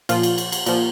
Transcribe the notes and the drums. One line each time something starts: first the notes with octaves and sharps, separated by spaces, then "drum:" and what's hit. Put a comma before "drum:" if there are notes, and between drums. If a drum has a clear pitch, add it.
A#2 F3 F4, drum: cymbal
drum: cymbal
drum: cymbal
drum: cymbal
A#2 F3, drum: cymbal